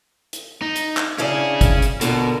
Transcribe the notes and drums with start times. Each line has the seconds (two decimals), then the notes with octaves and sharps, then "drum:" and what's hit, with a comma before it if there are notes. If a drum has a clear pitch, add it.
0.33 drum: hi-hat
0.62 D#4
0.76 drum: hi-hat
0.97 drum: clap
1.18 C#4 D4 E4 G#4 F5
1.61 drum: kick, hi-hat
1.82 drum: hi-hat
2.01 B2 D3 F4 A#4, drum: hi-hat